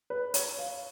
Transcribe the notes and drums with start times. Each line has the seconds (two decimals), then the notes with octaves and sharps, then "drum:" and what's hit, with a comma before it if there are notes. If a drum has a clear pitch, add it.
0.10 B4
0.34 C#5, drum: hi-hat
0.59 F5